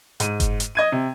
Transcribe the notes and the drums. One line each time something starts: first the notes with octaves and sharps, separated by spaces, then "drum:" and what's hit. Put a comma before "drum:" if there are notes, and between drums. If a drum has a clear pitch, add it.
G#2 D#7, drum: hi-hat
drum: kick F#1, hi-hat
drum: hi-hat
D#5 G#6 D#7
C3